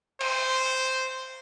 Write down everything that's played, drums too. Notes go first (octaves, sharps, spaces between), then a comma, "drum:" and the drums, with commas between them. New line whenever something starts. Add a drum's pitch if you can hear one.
C5, drum: cymbal